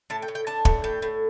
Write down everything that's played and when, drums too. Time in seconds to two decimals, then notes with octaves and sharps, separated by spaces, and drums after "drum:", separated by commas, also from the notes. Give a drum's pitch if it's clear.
0.10 A2 A5
0.22 G5
0.28 A2
0.35 G5
0.47 D4 A5
0.65 A2, drum: kick
0.84 A2 G5
1.02 A2